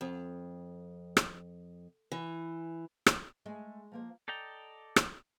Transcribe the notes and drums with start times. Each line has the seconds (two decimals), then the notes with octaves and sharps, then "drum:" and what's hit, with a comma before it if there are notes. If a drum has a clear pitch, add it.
0.01 F2
1.17 drum: rim click
2.12 E3
3.06 drum: rim click
3.46 G#3 A3 G#5
3.92 F3 A#3 C5
4.28 A4 D5 D#5 G5 A#5
4.96 drum: rim click